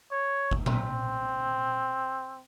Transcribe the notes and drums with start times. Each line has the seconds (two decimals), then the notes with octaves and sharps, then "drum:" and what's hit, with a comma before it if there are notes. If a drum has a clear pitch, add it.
0.12 C#5
0.51 drum: kick G1
0.66 C4, drum: tom A#2